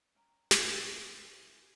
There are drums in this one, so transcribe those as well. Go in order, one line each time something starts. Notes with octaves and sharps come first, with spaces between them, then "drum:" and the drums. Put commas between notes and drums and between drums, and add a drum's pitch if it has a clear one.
C#4 G5 A#5
drum: snare
F4
E4 F#4 G#4 C5